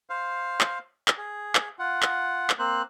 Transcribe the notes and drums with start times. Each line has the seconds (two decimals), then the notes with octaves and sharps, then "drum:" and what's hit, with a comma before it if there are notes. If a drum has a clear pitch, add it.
0.10 C5 F5
0.61 drum: clap
1.08 drum: clap
1.17 G#4
1.55 drum: clap
1.79 F4 F#5
2.02 drum: clap
2.50 drum: clap
2.59 A#3 C4 C5 F#6